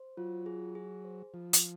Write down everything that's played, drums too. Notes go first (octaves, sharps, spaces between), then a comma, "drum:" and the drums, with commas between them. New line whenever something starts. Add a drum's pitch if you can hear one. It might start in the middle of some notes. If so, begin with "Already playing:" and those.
Already playing: C5
F#3 F4
G#4
G#4
C5
F3 F4
drum: hi-hat